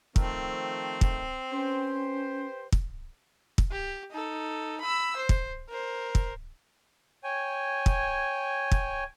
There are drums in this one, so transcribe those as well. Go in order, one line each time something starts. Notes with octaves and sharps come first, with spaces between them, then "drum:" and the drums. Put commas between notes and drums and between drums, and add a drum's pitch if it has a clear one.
D#3 F3 A3 C4, drum: kick
drum: kick
C#4 G4 B4 C5
drum: kick
drum: kick
G4
D#4 A4
B5 E6
C5
drum: kick
A#4 C5
drum: kick
C#5 G5 G#5
drum: kick
drum: kick